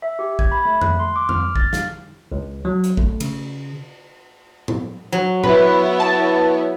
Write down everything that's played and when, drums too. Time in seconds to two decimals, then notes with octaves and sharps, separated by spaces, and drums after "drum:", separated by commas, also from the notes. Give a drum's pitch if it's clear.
0.02 E5
0.19 G4
0.39 G#6, drum: kick
0.52 B5
0.65 A3
0.81 F#6, drum: tom F2
0.99 C6
1.16 D6
1.29 F6, drum: tom F2
1.41 F6
1.56 A6, drum: kick
1.73 F5, drum: snare
2.32 C#2
2.65 F#3
2.84 drum: hi-hat
2.97 A3, drum: kick
3.20 C#3, drum: cymbal
4.68 drum: tom A2
5.12 F#3
5.44 B3 E4 B4 C#5, drum: tom A2
6.00 A5